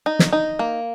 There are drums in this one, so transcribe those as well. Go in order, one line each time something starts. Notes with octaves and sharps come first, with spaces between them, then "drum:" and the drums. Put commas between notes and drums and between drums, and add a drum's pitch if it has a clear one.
D#4
drum: snare
D#4
A#3